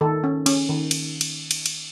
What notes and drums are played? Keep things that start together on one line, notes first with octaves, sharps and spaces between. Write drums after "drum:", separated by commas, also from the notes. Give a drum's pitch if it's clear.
D#3 A4
C#4
C#4, drum: cymbal
D#3
drum: cymbal
drum: cymbal
drum: cymbal
drum: cymbal